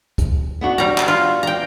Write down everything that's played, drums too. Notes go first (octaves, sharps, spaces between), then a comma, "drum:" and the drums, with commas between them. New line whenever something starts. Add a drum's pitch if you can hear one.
drum: kick, hi-hat
B3 D4 F#4
G3 A#5
drum: clap
F4
G5 A#5